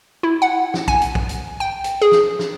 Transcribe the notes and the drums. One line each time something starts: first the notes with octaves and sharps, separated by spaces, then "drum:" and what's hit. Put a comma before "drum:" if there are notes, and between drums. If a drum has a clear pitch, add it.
E4
F#5
drum: snare
G#5, drum: kick
drum: hi-hat
drum: kick
drum: hi-hat
G5
drum: hi-hat
G#4
drum: snare
drum: snare